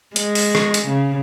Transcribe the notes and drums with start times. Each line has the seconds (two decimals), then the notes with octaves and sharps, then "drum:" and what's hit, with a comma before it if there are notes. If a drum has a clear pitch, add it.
0.16 G#3, drum: hi-hat
0.35 drum: open hi-hat
0.55 drum: rim click
0.74 drum: hi-hat
0.88 C#3